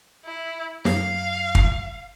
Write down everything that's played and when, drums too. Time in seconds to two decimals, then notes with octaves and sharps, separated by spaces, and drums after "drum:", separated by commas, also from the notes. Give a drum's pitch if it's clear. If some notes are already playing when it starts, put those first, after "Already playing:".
0.25 E4
0.85 F#2 F5, drum: snare
1.55 drum: kick